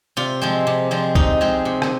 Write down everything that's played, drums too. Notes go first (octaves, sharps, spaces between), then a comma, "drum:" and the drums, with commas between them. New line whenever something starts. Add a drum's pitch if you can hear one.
C3 F4
F3 G#3 C4
C3
F3 G#3 C4
C3 D#4, drum: kick C2
F3 G#3 C4
C3
drum: rim click